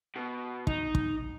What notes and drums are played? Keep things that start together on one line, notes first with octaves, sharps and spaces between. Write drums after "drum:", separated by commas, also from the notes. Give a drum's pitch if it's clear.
B2
D#4, drum: kick
drum: kick